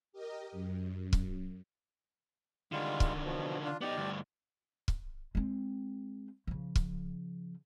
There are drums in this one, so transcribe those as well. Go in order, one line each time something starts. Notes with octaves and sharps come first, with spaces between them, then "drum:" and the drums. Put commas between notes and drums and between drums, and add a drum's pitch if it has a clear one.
G4 A#4 D#5
F#2
drum: kick
D3 D#3 G3 G#3 F4
drum: kick
B2 F3
D4 F4
B3 D#4 G4 D5
D2 G2
drum: kick
G#3 C4
C#3 F3
drum: kick